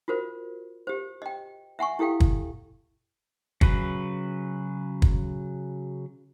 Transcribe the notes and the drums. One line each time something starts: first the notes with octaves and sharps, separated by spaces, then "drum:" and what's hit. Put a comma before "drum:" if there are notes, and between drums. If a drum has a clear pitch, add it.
F4 F#4 A#4 C5
G4 C5
D#5 G5
E5 F#5 G#5 C#6
E4 G4 A4 F5 G5
drum: kick
C#3 F#3 B4, drum: kick
drum: kick